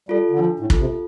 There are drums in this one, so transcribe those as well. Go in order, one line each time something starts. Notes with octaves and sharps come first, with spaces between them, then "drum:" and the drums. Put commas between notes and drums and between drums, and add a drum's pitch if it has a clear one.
G3 F4 A4
D3
F3 D4
A2
F4 A4, drum: kick
C3